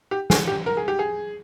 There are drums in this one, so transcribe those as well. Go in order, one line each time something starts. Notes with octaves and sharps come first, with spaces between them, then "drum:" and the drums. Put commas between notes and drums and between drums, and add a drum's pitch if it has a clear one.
G4
G#4, drum: snare
G4
A#4
G#4
G4
G#4